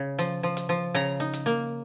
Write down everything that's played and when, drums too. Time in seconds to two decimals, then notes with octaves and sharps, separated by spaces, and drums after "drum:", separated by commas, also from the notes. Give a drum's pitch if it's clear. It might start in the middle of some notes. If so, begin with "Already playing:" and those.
Already playing: C#3
0.19 F3, drum: hi-hat
0.43 F3
0.57 drum: hi-hat
0.69 F3
0.94 C#3 A#5, drum: hi-hat
1.20 D#4
1.33 drum: hi-hat
1.46 A#3